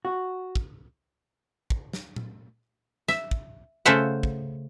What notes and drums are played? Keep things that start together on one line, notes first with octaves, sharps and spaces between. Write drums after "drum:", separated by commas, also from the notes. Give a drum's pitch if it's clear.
F#4
drum: kick
drum: kick
drum: snare
drum: tom A#2
E5, drum: snare
drum: kick
C#3 A3 F4 C5 E5 F#5
drum: kick